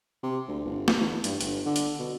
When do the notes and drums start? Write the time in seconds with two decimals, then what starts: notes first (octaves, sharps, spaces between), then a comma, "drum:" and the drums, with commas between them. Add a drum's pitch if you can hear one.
0.23 C3
0.48 D2
0.65 G1
0.88 drum: snare
0.97 E2
1.24 G2, drum: hi-hat
1.41 G1, drum: hi-hat
1.66 D3
1.76 drum: hi-hat
1.99 B2